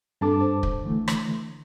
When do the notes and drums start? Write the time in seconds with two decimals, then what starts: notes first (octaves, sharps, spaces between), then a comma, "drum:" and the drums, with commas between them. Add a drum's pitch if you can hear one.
0.21 G2 C4 D4 A4 A5 D6
0.41 C5
0.63 drum: kick
0.84 D3 E3 A3
1.08 drum: rim click